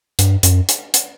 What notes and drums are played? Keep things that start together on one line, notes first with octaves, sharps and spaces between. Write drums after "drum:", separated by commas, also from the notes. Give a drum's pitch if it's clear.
G2, drum: hi-hat
F#2, drum: hi-hat
drum: hi-hat
drum: hi-hat